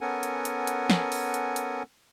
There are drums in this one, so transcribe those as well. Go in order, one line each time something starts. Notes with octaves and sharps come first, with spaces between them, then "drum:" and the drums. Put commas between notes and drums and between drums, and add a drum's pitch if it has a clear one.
B3 C#4 A4 A#4 F#5 G#5
drum: hi-hat
drum: hi-hat
drum: hi-hat
drum: snare
drum: open hi-hat
drum: hi-hat
drum: hi-hat